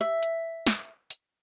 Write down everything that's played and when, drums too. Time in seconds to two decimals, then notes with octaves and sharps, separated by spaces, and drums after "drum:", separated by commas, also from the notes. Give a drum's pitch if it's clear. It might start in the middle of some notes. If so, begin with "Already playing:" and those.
0.01 E5
0.23 drum: hi-hat
0.67 drum: snare
1.10 drum: hi-hat